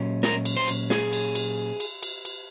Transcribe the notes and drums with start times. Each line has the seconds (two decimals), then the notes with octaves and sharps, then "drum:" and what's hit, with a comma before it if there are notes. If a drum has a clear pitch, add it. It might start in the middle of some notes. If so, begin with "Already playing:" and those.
Already playing: A#2 F#3 C#4
0.23 A#4, drum: snare
0.45 drum: cymbal
0.57 C5
0.68 drum: cymbal
0.90 G#4, drum: snare
1.13 drum: cymbal
1.35 drum: cymbal
1.80 drum: cymbal
2.03 drum: cymbal
2.25 drum: cymbal